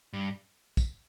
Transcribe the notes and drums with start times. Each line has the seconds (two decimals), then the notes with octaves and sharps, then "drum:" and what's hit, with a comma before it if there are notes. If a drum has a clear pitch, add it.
0.13 G2
0.77 drum: kick, tambourine